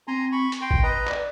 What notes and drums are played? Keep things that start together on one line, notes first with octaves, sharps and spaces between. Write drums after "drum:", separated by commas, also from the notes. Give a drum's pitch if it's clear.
C4 G#5 A#5 C6
B5 C#6
drum: hi-hat
G5 C6 A#6
drum: kick A1
B4 D#5 A#5
D5, drum: clap